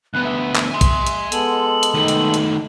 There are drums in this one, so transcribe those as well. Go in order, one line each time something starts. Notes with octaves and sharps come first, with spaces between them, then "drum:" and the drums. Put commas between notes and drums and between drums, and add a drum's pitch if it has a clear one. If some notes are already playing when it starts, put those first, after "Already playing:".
D2 B3 F#6
E5
drum: clap
G#5 C6
drum: kick, hi-hat
drum: hi-hat
G#3 B3 A4 F#7, drum: hi-hat
drum: hi-hat
D#3 A3
drum: hi-hat
drum: hi-hat